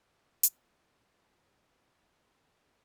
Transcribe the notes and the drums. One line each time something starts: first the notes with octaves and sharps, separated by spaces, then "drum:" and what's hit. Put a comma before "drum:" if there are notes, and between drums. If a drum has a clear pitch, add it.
B3 F4 F#5, drum: hi-hat